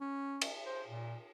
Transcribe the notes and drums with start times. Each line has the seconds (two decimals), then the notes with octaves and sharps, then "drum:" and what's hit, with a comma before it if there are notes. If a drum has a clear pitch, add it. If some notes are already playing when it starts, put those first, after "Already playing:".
0.01 C#4
0.42 drum: cymbal
0.65 C5
0.87 A#2